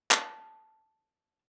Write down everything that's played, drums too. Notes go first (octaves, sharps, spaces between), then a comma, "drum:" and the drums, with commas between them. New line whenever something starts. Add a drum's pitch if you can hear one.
A5, drum: clap